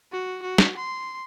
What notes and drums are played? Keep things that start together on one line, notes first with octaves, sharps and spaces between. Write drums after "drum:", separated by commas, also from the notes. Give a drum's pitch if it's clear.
F#4
F#4
drum: snare
C6